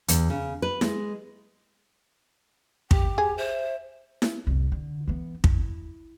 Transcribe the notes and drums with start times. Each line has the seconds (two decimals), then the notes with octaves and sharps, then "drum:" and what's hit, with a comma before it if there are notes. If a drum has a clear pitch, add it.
0.08 E2, drum: hi-hat
0.30 C#3
0.62 B4
0.81 G#3, drum: snare E4
2.91 G4 G5, drum: kick
3.18 G#4
3.38 C5 E5
4.22 drum: snare E4
4.47 C2 F2
4.72 D3
5.07 E3 B3
5.44 E4, drum: kick